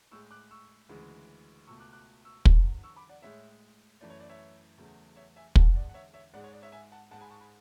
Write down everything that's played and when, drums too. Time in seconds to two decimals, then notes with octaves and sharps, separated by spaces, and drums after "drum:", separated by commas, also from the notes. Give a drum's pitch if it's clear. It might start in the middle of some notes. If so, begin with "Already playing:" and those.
0.11 A2 G#3 C#6 E6
0.31 D6 F#6
0.51 C#6 E6
0.89 D2 C#3 E3 G#3
1.67 C#2 B2 A3 C#6 E6
1.80 D6 F#6
1.93 D6 F#6
2.25 C#6 E6
2.45 E2 D3 F#3, drum: kick
2.84 C#6 E6
2.96 B5 D6
3.09 D5 F#5
3.22 A2 G#3 C#5 E5
4.01 F#2 E3 A3 D5
4.10 C#5
4.20 D5
4.29 C#5 E5
4.78 E2 C#3 F#3 A3
5.16 C#5 E5
5.36 E5 G#5
5.55 E2 D3 G#3 F#5 A5, drum: kick
5.76 D5 F#5
5.89 F#5
5.94 C#5 E5
6.14 C#5 E5
6.33 G#2 G#3 D5 F#5
6.44 C#5
6.53 D5
6.62 C#5 E5
6.72 E5 G#5
6.92 F#5 A5
7.11 G#2 G#3 F#5 A5
7.21 G#5 B5
7.30 A5 C#6
7.40 G#5 B5